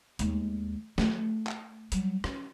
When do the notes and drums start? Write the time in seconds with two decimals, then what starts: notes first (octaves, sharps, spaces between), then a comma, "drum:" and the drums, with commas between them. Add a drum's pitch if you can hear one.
0.19 D#2 G#3, drum: hi-hat
0.98 A3, drum: snare
1.47 drum: clap
1.92 F#3 G3, drum: hi-hat
2.24 C#4, drum: rim click